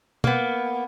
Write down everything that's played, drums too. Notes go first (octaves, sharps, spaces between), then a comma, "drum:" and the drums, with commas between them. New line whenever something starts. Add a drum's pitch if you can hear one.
A#3 B3, drum: tom B2